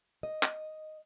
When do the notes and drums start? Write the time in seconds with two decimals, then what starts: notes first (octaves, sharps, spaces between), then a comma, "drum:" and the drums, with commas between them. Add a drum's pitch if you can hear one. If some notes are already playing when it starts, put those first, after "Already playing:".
0.23 D#5
0.43 drum: clap